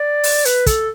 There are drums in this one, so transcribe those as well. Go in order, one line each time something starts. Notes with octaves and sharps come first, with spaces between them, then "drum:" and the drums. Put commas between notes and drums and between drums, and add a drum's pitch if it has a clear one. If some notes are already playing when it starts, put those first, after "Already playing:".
Already playing: D5
drum: open hi-hat
B4, drum: hi-hat
A4, drum: kick, hi-hat